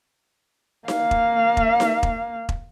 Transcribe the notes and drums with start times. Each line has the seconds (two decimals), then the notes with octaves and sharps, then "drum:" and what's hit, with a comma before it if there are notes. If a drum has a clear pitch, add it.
0.88 A#3 F5, drum: snare D#4
1.11 drum: kick E1
1.57 drum: kick E1
1.80 drum: snare D#4
2.03 drum: kick E1
2.49 drum: kick E1